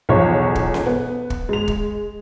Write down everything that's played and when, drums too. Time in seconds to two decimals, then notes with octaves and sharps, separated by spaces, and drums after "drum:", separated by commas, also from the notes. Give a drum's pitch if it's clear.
0.09 B1 E2 F3 C#5
0.55 drum: kick
0.74 drum: snare C#4
0.86 B3
1.30 drum: kick
1.49 G#3 F7
1.68 drum: kick